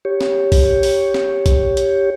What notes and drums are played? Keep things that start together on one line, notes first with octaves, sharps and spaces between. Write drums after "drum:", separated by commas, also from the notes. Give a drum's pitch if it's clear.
G4 C#5
drum: snare
drum: kick B1, open hi-hat
drum: open hi-hat
drum: snare
drum: kick B1, hi-hat
drum: hi-hat